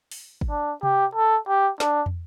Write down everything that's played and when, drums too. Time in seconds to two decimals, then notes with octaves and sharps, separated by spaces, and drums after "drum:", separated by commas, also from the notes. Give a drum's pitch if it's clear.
0.11 drum: open hi-hat
0.41 drum: kick
0.50 D4
0.83 G4, drum: tom C3
1.15 A4
1.48 G4
1.80 D4, drum: snare
2.06 drum: tom